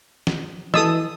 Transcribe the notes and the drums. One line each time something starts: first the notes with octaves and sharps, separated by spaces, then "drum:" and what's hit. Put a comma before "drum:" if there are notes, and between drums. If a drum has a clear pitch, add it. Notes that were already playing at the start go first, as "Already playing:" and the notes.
drum: snare
E3 A4 D#5 D#6 E6, drum: snare